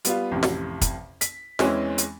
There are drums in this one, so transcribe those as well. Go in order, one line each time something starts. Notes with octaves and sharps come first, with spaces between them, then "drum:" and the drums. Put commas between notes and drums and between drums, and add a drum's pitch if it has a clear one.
G3 B3 F4, drum: hi-hat
A1 F2 C3
drum: snare
drum: kick, hi-hat
B6, drum: hi-hat
E2 E3 G#3 C4 C#4 E4, drum: snare
drum: hi-hat